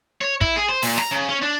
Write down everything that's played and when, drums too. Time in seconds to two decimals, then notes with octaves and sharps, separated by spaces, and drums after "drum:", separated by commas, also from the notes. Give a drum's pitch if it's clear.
0.21 C#5
0.41 E4, drum: kick
0.56 G#4
0.69 C5
0.82 A#2, drum: open hi-hat
0.98 A#5, drum: snare
1.11 C#3
1.29 C#4
1.42 D4